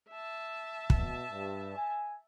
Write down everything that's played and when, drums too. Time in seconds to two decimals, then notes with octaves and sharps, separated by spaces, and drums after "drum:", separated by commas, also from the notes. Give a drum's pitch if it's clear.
0.10 E5 A5
0.90 B2, drum: kick
1.31 G2
1.77 G#5